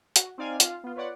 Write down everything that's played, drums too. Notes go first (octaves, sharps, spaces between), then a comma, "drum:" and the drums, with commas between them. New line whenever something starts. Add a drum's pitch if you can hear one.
F#4, drum: hi-hat
C4 D#4 D5 F5 G#5
F4 F5, drum: hi-hat
B3 F4
F4 B4 C#5 D5 F#5